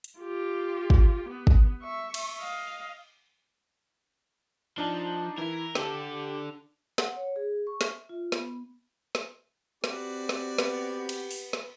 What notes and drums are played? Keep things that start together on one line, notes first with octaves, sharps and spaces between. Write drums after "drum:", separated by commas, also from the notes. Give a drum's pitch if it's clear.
drum: hi-hat
F4 G4
drum: kick
B3
drum: kick
E5 C#6
drum: cymbal
D#5 F5
F3 D4 D#4 A5
E3 E4 A#4
D3 G4 A4, drum: snare
F#5, drum: snare
C#5
G#4
C#6
E5, drum: snare
F4
B3, drum: snare
drum: snare
C4 F#4 G4 B4 D5, drum: snare
drum: snare
B3, drum: snare
drum: cymbal
drum: open hi-hat
drum: snare